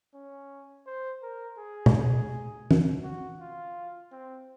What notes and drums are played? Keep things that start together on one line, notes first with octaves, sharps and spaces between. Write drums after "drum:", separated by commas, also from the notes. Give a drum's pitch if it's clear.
C#4
C5
A#4
G#4
drum: tom B2
drum: tom
F#4
F4
C4